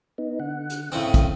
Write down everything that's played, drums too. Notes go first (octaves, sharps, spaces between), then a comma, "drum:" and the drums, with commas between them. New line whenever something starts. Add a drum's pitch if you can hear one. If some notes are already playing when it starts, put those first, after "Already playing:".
B3 D#4
D3 F#5
drum: hi-hat
A2 C#3 C4 D#6
drum: kick, hi-hat